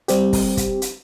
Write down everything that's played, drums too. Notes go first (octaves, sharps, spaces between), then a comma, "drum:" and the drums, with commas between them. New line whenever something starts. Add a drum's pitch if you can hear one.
G3 C4 G4, drum: hi-hat
drum: kick, open hi-hat
drum: kick, hi-hat
drum: hi-hat